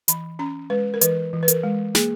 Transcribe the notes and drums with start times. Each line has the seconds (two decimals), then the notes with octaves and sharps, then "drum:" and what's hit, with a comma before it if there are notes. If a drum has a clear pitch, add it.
0.08 E3 B5, drum: hi-hat
0.39 C#4 A#5
0.70 G#3 B4
0.94 A#4
1.01 E3 B4, drum: hi-hat
1.33 E3
1.43 B4
1.48 A#4, drum: hi-hat
1.63 G#3
1.95 A#3 G#4, drum: snare